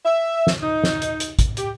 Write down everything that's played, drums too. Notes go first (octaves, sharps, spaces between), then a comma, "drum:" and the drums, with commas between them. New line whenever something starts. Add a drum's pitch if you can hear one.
E5
drum: snare
D#4
drum: snare
drum: hi-hat
drum: hi-hat
drum: kick, hi-hat
G4, drum: hi-hat